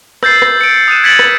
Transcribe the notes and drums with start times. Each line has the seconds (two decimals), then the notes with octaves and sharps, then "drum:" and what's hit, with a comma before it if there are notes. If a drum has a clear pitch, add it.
0.23 E6 G6 A6 C7, drum: rim click
0.42 drum: rim click
0.61 C#7 D7
0.88 D#6 F#6 D#7 E7
1.04 G#6 A6 B6 C#7 D7 F#7
1.19 drum: rim click